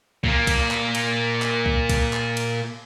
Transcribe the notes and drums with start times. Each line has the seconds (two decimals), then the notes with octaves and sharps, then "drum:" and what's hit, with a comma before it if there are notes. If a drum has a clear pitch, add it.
0.24 A#2 A#3, drum: kick
0.47 drum: kick, cymbal
0.71 drum: clap
0.95 drum: cymbal
1.42 drum: clap
1.66 drum: kick
1.89 drum: kick, cymbal
2.13 drum: clap
2.37 drum: cymbal